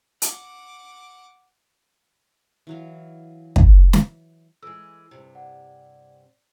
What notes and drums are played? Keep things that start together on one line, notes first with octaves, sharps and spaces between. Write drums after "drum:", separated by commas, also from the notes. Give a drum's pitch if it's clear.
F#5 D6, drum: hi-hat
E3 F#3 F5
drum: kick
drum: snare
E3 G#3 A4 E6
G2 C3
D5 F#5